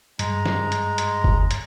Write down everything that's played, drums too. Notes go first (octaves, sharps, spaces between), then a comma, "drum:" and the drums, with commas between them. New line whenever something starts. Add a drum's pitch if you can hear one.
G2 G#3 A#5, drum: hi-hat
drum: snare
drum: hi-hat
drum: hi-hat
drum: kick
drum: hi-hat